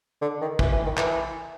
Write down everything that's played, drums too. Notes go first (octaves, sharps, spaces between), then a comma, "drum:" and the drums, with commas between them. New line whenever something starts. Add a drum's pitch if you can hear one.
D3
D#3
E3, drum: kick
E3
D#3
E3, drum: clap